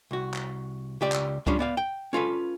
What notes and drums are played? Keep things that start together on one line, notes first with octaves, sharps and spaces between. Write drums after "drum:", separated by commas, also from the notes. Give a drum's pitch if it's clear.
C2 F#4
drum: clap
C#2 G4 D5
drum: clap
G3 C#4 D4 F4, drum: kick C#2
B3 D5 F5
G5
C#4 F4 A4 B4